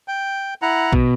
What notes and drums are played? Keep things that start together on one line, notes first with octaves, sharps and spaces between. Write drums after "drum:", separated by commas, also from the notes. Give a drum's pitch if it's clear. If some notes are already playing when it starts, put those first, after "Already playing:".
G5
E4 F#5 A#5
B2, drum: kick A#1